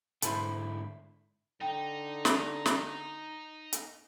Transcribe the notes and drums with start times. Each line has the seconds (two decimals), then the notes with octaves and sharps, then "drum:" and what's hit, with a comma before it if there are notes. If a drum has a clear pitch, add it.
0.22 G#2 D3 E4 A4 B4 C5, drum: hi-hat
1.61 D3 D#4 G5
2.25 drum: snare
2.66 drum: snare
3.73 drum: hi-hat